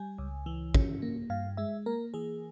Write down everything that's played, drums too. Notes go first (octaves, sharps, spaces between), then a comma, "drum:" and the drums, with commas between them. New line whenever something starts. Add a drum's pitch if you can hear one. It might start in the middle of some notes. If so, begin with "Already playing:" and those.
Already playing: G3 G#5
C#2
E3
C#4, drum: kick
A#3
G2 F5
G#3 E5
A#3 A#4
E3 G#4